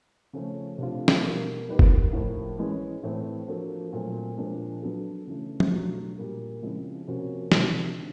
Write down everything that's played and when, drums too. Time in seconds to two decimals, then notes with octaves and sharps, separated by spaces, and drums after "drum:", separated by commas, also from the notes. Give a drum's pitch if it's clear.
0.33 C#3 F3 A3 C#4
0.78 C3 F3 A3 D4 F4
1.08 drum: snare
1.23 B2 G3 A#3
1.68 G3 A#3 D#4 G4 B4
1.79 drum: kick F#1
2.13 A2 F3 A#3
2.58 E3 G#3 C#4
3.03 A2 E3 A3 C4
3.48 F3 A#3 D4 F#4 A4
3.93 A#2 F#3 A3 C4
4.38 A#2 F3 G#3 B3 D4
4.82 F#3 B3 D4 F#4 A4
5.27 C#3 E3 A3
5.60 drum: tom
5.72 B2 F#3 A3 D4 G4
6.17 A#2 G3 A#3
6.62 C#3 F3 G#3 C4 E4
7.07 C3 F3 A#3 C#4 F#4
7.52 C3 D#3 G#3, drum: snare
7.97 D3